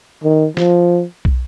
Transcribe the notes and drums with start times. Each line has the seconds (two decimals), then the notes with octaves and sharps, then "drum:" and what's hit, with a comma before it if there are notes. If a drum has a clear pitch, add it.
0.24 D#3
0.57 F3, drum: snare
1.25 drum: kick